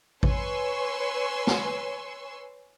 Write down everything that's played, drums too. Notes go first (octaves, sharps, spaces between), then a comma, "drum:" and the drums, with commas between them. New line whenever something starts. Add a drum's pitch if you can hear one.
B4 C#5 G#5 C6 C#6 E6, drum: kick A1
drum: snare